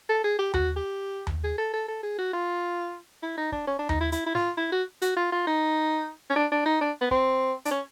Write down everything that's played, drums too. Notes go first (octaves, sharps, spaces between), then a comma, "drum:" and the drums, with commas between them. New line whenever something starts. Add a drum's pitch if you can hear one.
A4
G#4
G4
F#4, drum: tom D#2
G4
drum: tom D#2
G#4
A4
A4
A4
G#4
F#4
F4
E4
D#4
D4, drum: kick
C#4
D4
D#4, drum: tom D#2
E4
E4, drum: hi-hat
E4
F4, drum: snare
E4
F#4
F#4, drum: hi-hat
F4
F4
D#4
C#4
D4
D4
D#4
D4
B3
C4, drum: kick
D4, drum: hi-hat
C#4